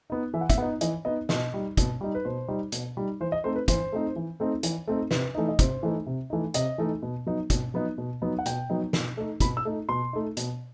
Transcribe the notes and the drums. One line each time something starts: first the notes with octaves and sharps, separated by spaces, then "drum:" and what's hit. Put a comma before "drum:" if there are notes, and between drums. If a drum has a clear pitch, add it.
B3 D#4
E3 E5
F#5
E5, drum: kick, hi-hat
B3 D#4 F#5
E3 D#5, drum: hi-hat
B3 D#4 D#5
B2 D#5, drum: snare
G3 D#4
B2, drum: kick, hi-hat
G3 D#4
B4
B2 C5
G3 D#4
B2, drum: hi-hat
G3 D#4
E3 C5
D#5
A3 C4 D#4 C5
B4
E3 C5, drum: kick, hi-hat
A3 C4 D#4
E3
A3 C4 D#4
E3, drum: hi-hat
A3 C4 D#4
C3 B4, drum: snare
E3 A3 D#4
D#5
C3 C5, drum: kick, hi-hat
E3 A3 D#4
C3
E3 A3 D#4
C3 D#5, drum: hi-hat
E3 A3 D#4
B2
F#3 B3 D#4
B2, drum: kick, hi-hat
F#3 B3 D#4
B2
F#3 B3 D#4
F#5
B2 G5, drum: hi-hat
F#3 B3 D#4
B2, drum: snare
A3 D#4
B2 B5, drum: kick, hi-hat
E6
A3 D#4
B2 C6
A3 D#4
B2, drum: hi-hat